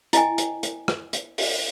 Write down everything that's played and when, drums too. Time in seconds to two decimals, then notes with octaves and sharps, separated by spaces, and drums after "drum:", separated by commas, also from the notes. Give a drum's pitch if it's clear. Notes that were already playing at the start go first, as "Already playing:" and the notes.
0.13 E4 D#5 G5 G#5, drum: hi-hat
0.38 drum: hi-hat
0.63 drum: hi-hat
0.88 drum: rim click
1.13 drum: hi-hat
1.38 drum: open hi-hat